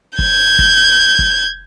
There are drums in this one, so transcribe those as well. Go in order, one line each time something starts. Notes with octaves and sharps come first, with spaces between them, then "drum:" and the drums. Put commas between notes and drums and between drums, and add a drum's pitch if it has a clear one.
G6 G#6, drum: kick F#1
drum: kick F#1
drum: kick F#1